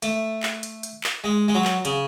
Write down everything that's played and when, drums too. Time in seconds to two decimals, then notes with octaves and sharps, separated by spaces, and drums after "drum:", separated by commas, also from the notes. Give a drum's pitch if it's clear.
0.02 A3, drum: hi-hat
0.43 drum: clap
0.63 drum: hi-hat
0.83 drum: hi-hat
1.04 drum: clap
1.24 G#3
1.48 G#3
1.55 F#3
1.65 drum: clap
1.85 C#3, drum: hi-hat